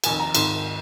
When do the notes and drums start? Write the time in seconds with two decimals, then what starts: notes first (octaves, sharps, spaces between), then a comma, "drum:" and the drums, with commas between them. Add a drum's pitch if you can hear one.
0.04 F1 D#2 D#3 G#5, drum: cymbal
0.20 A#5
0.35 G#1 G#2 D#3 C6, drum: cymbal